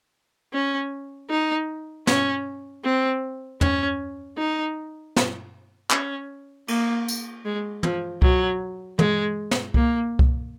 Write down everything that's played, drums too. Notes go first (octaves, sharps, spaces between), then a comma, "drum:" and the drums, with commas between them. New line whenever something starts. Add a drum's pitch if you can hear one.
C#4
D#4
C#4, drum: snare
C4
C#4, drum: tom
D#4
drum: snare
C#4, drum: clap
A#3, drum: cymbal
drum: tambourine
G#3
F3, drum: tom
F#3, drum: kick C2
G#3, drum: tom
drum: snare
A#3, drum: kick C2
drum: kick C2